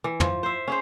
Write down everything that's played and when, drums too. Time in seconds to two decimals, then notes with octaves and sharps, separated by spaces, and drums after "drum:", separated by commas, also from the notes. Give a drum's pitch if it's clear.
0.04 E3
0.20 F3, drum: tom
0.43 C5 E5
0.68 C#4 G#4 C5